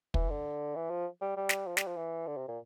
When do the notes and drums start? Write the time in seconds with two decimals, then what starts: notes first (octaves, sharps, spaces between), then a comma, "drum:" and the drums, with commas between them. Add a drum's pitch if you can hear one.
0.14 E3, drum: kick
0.30 D3
0.76 E3
0.90 F3
1.21 G3
1.37 G3
1.49 drum: snare
1.67 F3
1.77 G3, drum: snare
1.87 F3
1.97 E3
2.27 D3
2.37 C3
2.48 A#2